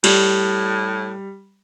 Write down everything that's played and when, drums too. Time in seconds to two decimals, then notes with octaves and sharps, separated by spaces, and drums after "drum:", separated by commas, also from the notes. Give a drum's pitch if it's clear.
0.04 A2 G3, drum: cymbal